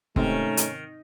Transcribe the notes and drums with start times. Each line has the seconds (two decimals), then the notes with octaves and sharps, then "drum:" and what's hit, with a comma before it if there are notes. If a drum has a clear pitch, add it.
0.16 G#2 C3 D#3 A3 C4 C#4 D#4, drum: kick
0.57 drum: hi-hat